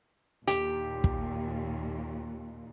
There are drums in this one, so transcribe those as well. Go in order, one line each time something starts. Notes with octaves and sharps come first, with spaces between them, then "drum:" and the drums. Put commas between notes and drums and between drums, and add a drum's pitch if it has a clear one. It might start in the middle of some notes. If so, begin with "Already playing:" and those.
D#2 A#2 G4, drum: hi-hat
drum: kick